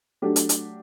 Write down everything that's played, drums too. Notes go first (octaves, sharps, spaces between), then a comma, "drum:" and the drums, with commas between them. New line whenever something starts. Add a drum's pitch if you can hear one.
F#3 A3 D4 G4
drum: hi-hat
drum: hi-hat